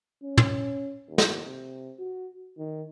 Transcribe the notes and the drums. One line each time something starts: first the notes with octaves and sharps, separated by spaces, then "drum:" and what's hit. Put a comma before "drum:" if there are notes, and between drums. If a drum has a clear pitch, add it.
C#4
drum: tom
D#2
drum: snare
C3
F#4
D#3